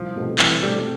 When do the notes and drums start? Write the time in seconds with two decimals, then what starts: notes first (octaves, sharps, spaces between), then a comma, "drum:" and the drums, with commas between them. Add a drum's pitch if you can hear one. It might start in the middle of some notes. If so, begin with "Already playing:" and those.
Already playing: C2 F3
0.16 B2 A3 C4 G4
0.39 C2 E3, drum: clap
0.63 B2 G3 A3 C4 G4